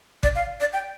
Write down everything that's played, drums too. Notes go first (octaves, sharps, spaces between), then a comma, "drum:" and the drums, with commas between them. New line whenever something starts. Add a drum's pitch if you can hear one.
D5, drum: kick G#1
F5
D5
G5